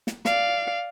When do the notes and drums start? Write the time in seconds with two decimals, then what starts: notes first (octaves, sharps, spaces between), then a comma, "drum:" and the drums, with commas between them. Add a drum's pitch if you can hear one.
0.07 drum: snare
0.25 D5 F5, drum: snare